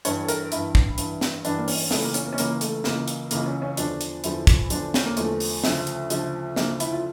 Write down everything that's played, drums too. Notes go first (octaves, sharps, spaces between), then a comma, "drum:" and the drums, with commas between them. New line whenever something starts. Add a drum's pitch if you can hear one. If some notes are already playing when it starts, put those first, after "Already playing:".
G2 E3 C#5, drum: hi-hat
A4
A#4, drum: hi-hat
G2 E3 E4, drum: hi-hat
drum: kick
G2 E3, drum: hi-hat
drum: snare
G2 E3 D4, drum: hi-hat
A#3
C#4, drum: open hi-hat
C#2 C#3 E3 A3, drum: snare
A#3
C#4, drum: hi-hat
A#3
C#4
C#2 C#3 E3 A#3, drum: hi-hat
A3, drum: hi-hat
C#2 C#3 E3 A#3, drum: snare
drum: hi-hat
C#2 C#3 E3 A#3, drum: hi-hat
C#4
C#4
E2 D3 F3 D4, drum: hi-hat
drum: hi-hat
E2 D3 F3 E4, drum: hi-hat
drum: kick, hi-hat
E2 D3 F3 D4, drum: hi-hat
C#4, drum: snare
A#3
E2 D3 F3 A3, drum: hi-hat
drum: open hi-hat
D2 C#3 F3, drum: snare
drum: hi-hat
D2 C#3 F3, drum: hi-hat
D2 C#3 F3 A#3, drum: snare
E4, drum: hi-hat
F4